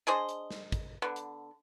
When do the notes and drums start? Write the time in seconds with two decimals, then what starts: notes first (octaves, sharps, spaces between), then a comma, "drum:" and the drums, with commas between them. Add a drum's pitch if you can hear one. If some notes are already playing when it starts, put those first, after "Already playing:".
0.07 D4 G#4 C5 D#5
0.29 drum: hi-hat
0.51 drum: snare
0.72 drum: kick, hi-hat
1.02 D3 B3
1.16 drum: hi-hat